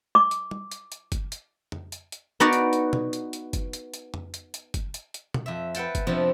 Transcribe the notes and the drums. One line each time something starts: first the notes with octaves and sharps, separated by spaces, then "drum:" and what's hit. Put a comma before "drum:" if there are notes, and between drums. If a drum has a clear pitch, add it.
D6
drum: hi-hat
drum: tom G3
drum: hi-hat
drum: hi-hat
drum: kick F#1, hi-hat
drum: hi-hat
drum: tom F2
drum: hi-hat
drum: hi-hat
B3 D#4 F#4 D5 D#5 F#5
drum: hi-hat
drum: hi-hat
drum: tom B2
drum: hi-hat
drum: hi-hat
drum: kick F#1, hi-hat
drum: hi-hat
drum: hi-hat
drum: tom F2
drum: hi-hat
drum: hi-hat
drum: kick F#1, hi-hat
drum: hi-hat
drum: hi-hat
drum: tom B2
F2 E5
B4 E5 F#5 G5 A5, drum: hi-hat
drum: kick F#1, hi-hat
F2 C3 F3 B3 C4 D4